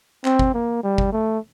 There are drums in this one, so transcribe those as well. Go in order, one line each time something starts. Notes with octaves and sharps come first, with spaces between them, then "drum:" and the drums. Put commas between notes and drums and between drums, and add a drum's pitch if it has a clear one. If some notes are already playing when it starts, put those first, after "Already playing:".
C4, drum: clap
drum: kick G1
A#3
G3
drum: kick G1
A3